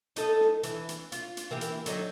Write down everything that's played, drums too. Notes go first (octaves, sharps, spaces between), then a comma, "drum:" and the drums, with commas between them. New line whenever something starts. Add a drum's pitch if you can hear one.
D#4 A4 D#5, drum: hi-hat
drum: snare
E3, drum: hi-hat
drum: hi-hat
F4, drum: hi-hat
drum: hi-hat
E3 A#3 G4
drum: hi-hat
D3 F#3 D#4, drum: hi-hat